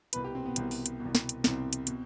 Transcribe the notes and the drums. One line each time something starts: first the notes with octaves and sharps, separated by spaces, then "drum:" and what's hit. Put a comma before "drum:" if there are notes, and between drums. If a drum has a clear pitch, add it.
C2 B2 B4, drum: hi-hat
G4
C4
B3
C2 B2 C4, drum: hi-hat
drum: open hi-hat
drum: hi-hat
B2
C2
drum: snare
drum: hi-hat
C2 B2 C4, drum: snare
drum: hi-hat
B2, drum: hi-hat